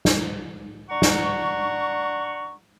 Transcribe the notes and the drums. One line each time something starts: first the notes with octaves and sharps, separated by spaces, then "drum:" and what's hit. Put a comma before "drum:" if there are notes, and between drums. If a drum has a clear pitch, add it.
drum: snare
D4 F#5 A#5 C#6
drum: snare